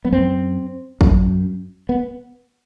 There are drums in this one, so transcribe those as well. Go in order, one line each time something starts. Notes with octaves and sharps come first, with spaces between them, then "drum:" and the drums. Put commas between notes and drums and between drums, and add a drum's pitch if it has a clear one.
B3, drum: tom F3
F#2 C4
F#2, drum: kick
B3